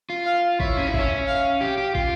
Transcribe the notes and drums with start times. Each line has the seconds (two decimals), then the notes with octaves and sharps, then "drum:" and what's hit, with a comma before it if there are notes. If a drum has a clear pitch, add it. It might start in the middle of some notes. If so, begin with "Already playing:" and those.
0.10 F4
0.26 F5
0.60 E4 C#5, drum: kick
0.77 C#4
0.87 E4
0.94 C#4 E5, drum: kick
1.27 F5
1.61 G4
1.78 G4
1.95 F4, drum: kick